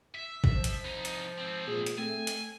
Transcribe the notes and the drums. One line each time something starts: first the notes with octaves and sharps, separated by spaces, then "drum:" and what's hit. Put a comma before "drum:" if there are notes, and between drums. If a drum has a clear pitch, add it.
E5
drum: kick
F3
drum: hi-hat
C2 D#4
drum: hi-hat
G#2 C4
A#2 G#4
drum: hi-hat
A3 C4 G#5
drum: hi-hat